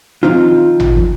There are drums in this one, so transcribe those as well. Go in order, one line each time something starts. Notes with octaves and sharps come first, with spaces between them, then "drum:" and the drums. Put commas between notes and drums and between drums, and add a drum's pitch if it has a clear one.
D#3 F3 C4 D#4 F4
drum: tom G#1